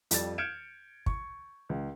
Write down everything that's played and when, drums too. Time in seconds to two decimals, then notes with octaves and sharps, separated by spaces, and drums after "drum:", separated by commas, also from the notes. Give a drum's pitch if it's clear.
0.11 F2 G3 A6, drum: hi-hat
0.38 F6 G6 G#6 C#7 D7 E7
1.06 C#6, drum: kick
1.69 C#2